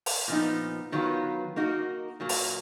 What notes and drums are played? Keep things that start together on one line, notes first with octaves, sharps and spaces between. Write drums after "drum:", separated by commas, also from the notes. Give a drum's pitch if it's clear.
drum: open hi-hat
A#2 F3 B3 D#4
D#3 F#3 B3 F4 B4
A#3 D#4 F#4 A#4
A#2 F#3 A#3
drum: open hi-hat